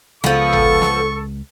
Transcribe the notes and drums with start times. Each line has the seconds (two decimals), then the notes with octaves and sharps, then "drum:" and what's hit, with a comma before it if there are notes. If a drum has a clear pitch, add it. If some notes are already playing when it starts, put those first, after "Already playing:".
0.24 C#2 F3 B3 A4 C#6, drum: snare
0.53 drum: tom G#1
0.82 drum: snare